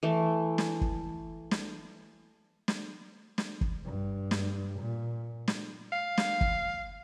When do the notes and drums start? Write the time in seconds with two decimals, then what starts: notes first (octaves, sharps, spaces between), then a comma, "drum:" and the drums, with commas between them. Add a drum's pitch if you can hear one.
0.03 E3 A3
0.58 drum: snare
0.81 drum: kick
1.51 drum: snare
2.68 drum: snare
3.38 drum: snare
3.61 drum: kick
3.84 G2
4.31 drum: snare
4.79 A#2
5.48 drum: snare
5.92 F5
6.17 drum: snare
6.41 drum: kick